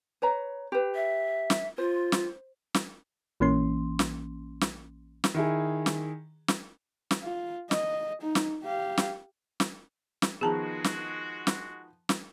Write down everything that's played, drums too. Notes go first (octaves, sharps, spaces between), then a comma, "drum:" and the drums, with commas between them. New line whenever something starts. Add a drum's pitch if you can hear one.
B4 C#5 A#5
G4 B4
E5
drum: snare
F4 C5
drum: snare
drum: snare
A#1 E3 A#3 C#4 C6
drum: snare
drum: snare
drum: snare
D#3 E4 G#4
drum: snare
drum: snare
drum: snare
F4
D#5, drum: snare
D#4
drum: snare
G4 F5
drum: snare
drum: snare
drum: snare
D#3 F3 G#3 B3 F#4 G#4 A5 A#5
drum: snare
drum: snare
drum: snare